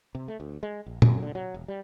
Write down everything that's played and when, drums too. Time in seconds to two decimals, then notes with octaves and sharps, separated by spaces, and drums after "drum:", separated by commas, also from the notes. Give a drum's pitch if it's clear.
0.15 C3
0.28 A3
0.40 D2
0.63 G#3
0.86 A#1
1.02 F#2, drum: tom
1.23 D3
1.35 F#3
1.54 E1
1.68 G3